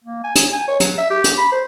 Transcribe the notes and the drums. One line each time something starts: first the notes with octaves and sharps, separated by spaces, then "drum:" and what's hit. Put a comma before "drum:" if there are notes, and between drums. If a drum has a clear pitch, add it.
A#3
G#5
G#5, drum: hi-hat
G#5
C#5
F#3, drum: hi-hat
E5
G4
drum: hi-hat
B5
C5